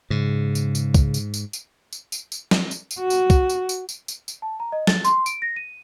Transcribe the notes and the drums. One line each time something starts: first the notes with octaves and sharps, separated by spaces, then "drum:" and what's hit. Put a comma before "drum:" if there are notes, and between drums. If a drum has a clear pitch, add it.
G#2 C#3
drum: tambourine
drum: tambourine
drum: kick, tambourine
drum: tambourine
drum: tambourine
drum: tambourine
drum: tambourine
drum: tambourine
drum: tambourine
drum: snare
drum: tambourine
drum: tambourine
F#4
drum: tambourine
drum: kick, tambourine
drum: tambourine
drum: tambourine
drum: tambourine
drum: tambourine
drum: tambourine
A5
A#5
D#5
A6, drum: snare
C6, drum: tambourine
D7, drum: tambourine
A#6
D#7